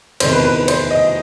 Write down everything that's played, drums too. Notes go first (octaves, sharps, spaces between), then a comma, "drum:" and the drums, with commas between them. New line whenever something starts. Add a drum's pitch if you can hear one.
E2 C3 D#3 C5, drum: cymbal
B4
B4
B4
C5, drum: cymbal
D#5